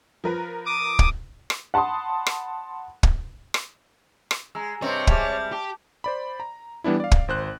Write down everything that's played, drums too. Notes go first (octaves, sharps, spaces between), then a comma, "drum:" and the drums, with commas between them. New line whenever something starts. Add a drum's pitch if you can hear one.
F3 A#4 B4
D6 D#6
drum: kick
drum: rim click
F#5 A5 B5 C6 D#6
drum: rim click
drum: kick
drum: rim click
drum: rim click
G#3 A#5 E6
G2 C3 C4 C#5 D#5 C6
G3 G#3 E5 A5 D6, drum: kick
G4 A5 D6
C5 D5 B5
A#5
E3 G3 B3 D4 E4
D5 F5
drum: kick
G#1 C5 F#6